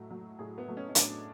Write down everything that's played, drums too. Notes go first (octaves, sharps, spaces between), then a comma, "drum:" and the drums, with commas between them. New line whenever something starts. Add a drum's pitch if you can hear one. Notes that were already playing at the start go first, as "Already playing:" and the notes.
Already playing: A2 F#3 A3
F#3 A3
A2 G#4
B3
F#3 A3
C#4
C#4
A2 D4, drum: hi-hat